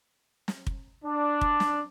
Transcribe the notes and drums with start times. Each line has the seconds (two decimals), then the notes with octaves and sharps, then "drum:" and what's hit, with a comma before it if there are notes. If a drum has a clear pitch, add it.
0.48 drum: snare
0.67 drum: kick
1.04 D4
1.41 drum: kick
1.60 drum: snare